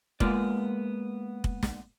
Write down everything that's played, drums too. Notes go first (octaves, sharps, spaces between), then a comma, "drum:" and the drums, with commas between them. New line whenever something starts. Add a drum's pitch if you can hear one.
G#3 A#3 B3 F4 D5, drum: kick
drum: kick
drum: snare